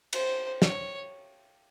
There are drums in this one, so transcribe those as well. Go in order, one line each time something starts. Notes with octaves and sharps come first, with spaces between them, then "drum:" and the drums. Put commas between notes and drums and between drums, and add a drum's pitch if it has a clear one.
C5, drum: cymbal
C#5, drum: snare